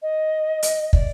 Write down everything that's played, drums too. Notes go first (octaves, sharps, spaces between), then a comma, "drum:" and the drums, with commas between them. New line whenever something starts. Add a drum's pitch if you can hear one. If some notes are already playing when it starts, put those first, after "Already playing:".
D#5
drum: hi-hat
D5, drum: kick